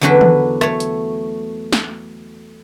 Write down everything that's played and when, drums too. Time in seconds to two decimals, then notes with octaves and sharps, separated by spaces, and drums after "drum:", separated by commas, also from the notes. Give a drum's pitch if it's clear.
0.01 E2 D3 F#3 D4 F#4 B4
0.21 drum: tom
0.61 A3 C#5, drum: rim click
0.80 drum: hi-hat
1.72 drum: snare